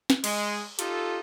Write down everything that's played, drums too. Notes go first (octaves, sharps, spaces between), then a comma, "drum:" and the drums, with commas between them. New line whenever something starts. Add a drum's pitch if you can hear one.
drum: snare
G#3, drum: cymbal
D#4 F4 G4 A4, drum: hi-hat